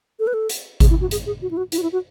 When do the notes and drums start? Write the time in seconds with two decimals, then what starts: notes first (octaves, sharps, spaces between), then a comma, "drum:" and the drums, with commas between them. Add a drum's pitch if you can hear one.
0.19 A4
0.27 B4
0.34 A4
0.49 drum: hi-hat
0.80 G#4, drum: kick G#1, hi-hat
0.90 E4
1.01 F#4
1.11 G#4, drum: hi-hat
1.26 G#4
1.42 F#4
1.51 E4
1.57 F#4
1.72 E4, drum: hi-hat
1.78 F#4
1.82 E4
1.92 F#4